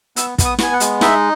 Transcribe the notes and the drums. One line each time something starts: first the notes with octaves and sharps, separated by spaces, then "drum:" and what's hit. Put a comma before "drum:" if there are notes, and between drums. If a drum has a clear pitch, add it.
B3 E6, drum: hi-hat
B3, drum: kick, hi-hat
D#6
B3 G#5, drum: snare
F#5
G#3, drum: hi-hat
D#4 E5, drum: snare